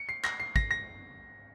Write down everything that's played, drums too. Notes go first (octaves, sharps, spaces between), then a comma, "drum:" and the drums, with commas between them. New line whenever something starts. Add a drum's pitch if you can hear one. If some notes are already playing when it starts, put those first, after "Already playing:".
Already playing: C#7
C7
A#6, drum: clap
C7
A#6, drum: kick
A#6